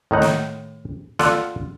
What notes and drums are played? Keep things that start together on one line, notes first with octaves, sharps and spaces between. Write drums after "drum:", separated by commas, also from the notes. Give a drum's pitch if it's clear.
A2 D#3 D#4 F#5
drum: snare
F4 A4 D5 F#5, drum: snare